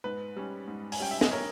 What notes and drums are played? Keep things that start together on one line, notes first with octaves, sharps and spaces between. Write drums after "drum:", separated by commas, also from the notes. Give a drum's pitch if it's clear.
G#2 B4
G3 C#4
G#2
G#5, drum: open hi-hat
G3 C#4 G5
E5
D#5, drum: snare
A#4 C#5